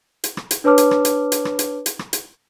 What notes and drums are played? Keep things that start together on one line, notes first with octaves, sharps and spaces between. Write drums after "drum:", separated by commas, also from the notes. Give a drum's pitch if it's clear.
drum: hi-hat
drum: rim click
drum: hi-hat
D4 B4 C#5 A5 D6 F6
drum: hi-hat
drum: rim click
drum: hi-hat
drum: hi-hat
drum: rim click
drum: hi-hat
drum: hi-hat
drum: rim click
drum: hi-hat